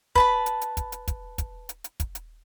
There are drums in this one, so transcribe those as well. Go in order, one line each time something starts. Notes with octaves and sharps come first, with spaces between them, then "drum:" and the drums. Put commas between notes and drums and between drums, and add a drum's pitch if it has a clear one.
B4 A5 B5, drum: kick
drum: hi-hat
drum: hi-hat
drum: kick, hi-hat
drum: hi-hat
drum: kick, hi-hat
drum: kick, hi-hat
drum: hi-hat
drum: hi-hat
drum: kick, hi-hat
drum: hi-hat